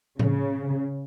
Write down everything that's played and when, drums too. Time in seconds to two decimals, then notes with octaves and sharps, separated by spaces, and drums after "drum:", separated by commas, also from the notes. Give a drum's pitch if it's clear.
0.19 C#3, drum: tom A2